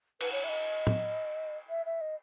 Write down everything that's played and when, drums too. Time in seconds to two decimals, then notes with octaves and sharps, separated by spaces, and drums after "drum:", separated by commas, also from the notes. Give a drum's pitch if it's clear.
0.21 B4, drum: cymbal
0.32 C#5
0.44 E5
0.49 D#5
0.87 drum: tom
1.69 E5
1.86 E5
2.01 D#5